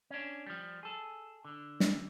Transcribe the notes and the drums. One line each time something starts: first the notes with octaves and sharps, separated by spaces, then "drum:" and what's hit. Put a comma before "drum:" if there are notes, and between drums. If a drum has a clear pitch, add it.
C#4 D4
F3 G3
G#4 A4
D3
drum: snare